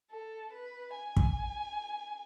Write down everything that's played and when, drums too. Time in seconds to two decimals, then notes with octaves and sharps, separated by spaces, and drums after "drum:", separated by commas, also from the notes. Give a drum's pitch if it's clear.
0.11 A4
0.53 B4
0.96 G#5
1.17 drum: kick